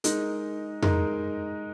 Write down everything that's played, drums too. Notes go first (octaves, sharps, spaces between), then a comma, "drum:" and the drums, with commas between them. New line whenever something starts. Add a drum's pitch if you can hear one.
G#3 D#4 A#4, drum: hi-hat
G#3 D#4 A#4, drum: tom F2